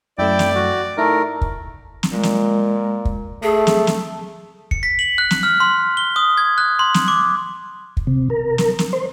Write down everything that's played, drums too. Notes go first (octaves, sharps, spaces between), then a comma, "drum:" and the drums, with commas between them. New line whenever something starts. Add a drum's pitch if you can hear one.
F#2 A3 E4 D5 G5
drum: snare
F#4
A3 D#4 E4 A#4
drum: kick
drum: snare
A#2 G#3
drum: snare
drum: kick
A3 G#4
drum: snare
drum: snare
C#7, drum: kick
B6
F#7
F#6
drum: snare
F6
C6
G7
D#6
G#6
F#6
C6
drum: snare
D6
drum: kick
C3
A#4
drum: snare
drum: snare
C5